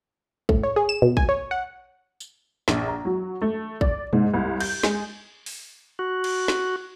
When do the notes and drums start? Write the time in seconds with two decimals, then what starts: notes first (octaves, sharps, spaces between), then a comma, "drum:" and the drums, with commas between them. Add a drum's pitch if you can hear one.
0.49 A2, drum: kick
0.63 C#5
0.76 G#4
0.89 E7
1.02 B2
1.17 G#5, drum: kick
1.29 C#5
1.51 F#5
2.20 drum: tambourine
2.68 A#1, drum: snare
2.88 A#5
3.05 F#3
3.42 A3
3.81 D5, drum: kick
4.13 G#2, drum: tom B2
4.34 C2
4.60 G6, drum: cymbal
4.83 G#3, drum: snare
5.46 drum: open hi-hat
5.99 F#4
6.24 drum: cymbal
6.48 drum: snare